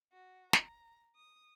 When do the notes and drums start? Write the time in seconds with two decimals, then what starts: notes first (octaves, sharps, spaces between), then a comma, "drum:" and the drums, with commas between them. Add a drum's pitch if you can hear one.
0.12 F#4
0.53 A#5, drum: snare
1.15 D#6